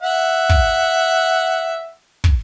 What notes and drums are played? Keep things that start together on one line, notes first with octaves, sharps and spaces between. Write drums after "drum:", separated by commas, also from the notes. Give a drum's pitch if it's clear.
E5 F#5
drum: kick
drum: kick